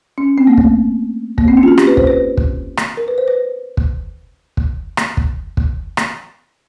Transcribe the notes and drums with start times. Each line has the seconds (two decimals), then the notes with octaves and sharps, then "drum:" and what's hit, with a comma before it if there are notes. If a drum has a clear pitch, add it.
0.18 C#4
0.38 C4
0.47 A#3
0.57 A3, drum: kick
1.38 A#3, drum: kick
1.48 C4
1.57 C#4
1.63 F4
1.68 F#4
1.78 G4, drum: rim click
1.87 B4
1.97 C5, drum: kick
2.07 B4
2.37 drum: kick
2.77 drum: rim click
2.97 A#4
3.08 B4
3.18 C5
3.28 B4
3.77 drum: kick
4.57 drum: kick
4.97 drum: rim click
5.17 drum: kick
5.57 drum: kick
5.97 drum: rim click